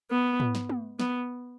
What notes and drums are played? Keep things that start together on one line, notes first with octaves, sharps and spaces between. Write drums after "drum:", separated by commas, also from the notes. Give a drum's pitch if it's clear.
B3
drum: tom
drum: snare
drum: tom
B3, drum: snare